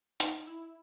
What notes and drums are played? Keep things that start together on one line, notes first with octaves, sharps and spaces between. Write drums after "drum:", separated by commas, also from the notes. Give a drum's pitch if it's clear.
D#4, drum: hi-hat
E4